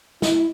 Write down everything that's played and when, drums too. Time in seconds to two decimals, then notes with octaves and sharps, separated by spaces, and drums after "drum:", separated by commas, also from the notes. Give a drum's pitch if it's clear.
0.22 E4, drum: snare